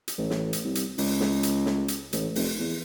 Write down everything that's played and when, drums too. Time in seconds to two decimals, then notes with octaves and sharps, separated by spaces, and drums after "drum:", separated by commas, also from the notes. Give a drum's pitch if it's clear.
0.08 drum: hi-hat
0.18 A1
0.30 drum: snare
0.53 drum: hi-hat
0.64 C2
0.75 drum: hi-hat
0.98 C#2, drum: open hi-hat
1.21 drum: snare
1.43 drum: hi-hat
1.66 drum: snare
1.88 drum: hi-hat
2.13 A1, drum: hi-hat
2.36 F1, drum: open hi-hat
2.59 E2